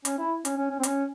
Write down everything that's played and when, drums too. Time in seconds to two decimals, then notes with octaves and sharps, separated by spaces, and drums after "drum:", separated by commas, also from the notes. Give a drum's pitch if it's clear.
0.05 C#4, drum: hi-hat
0.18 E4
0.45 C#4, drum: hi-hat
0.57 C#4
0.70 C#4
0.79 C4
0.83 C#4, drum: hi-hat